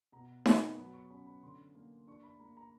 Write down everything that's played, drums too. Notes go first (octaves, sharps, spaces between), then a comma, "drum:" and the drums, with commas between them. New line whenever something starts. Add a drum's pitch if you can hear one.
B2 A#5
B3 B5, drum: snare D#4
F#3 B5
C#6
C#4 B5
B5
D3 C6
A#3
D4 C#6
B5
A#3 A#5
A#5